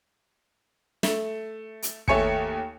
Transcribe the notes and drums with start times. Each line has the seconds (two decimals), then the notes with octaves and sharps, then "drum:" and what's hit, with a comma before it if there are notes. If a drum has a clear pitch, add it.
1.03 A3, drum: snare
1.83 drum: hi-hat
2.08 D#2 A3 C#5 G#5 C#7, drum: kick